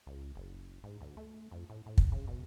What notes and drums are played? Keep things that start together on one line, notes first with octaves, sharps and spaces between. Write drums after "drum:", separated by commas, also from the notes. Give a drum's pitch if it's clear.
C#2
F#1
G#2
D2
A3
F2
A2
A2
drum: kick
C#3
B2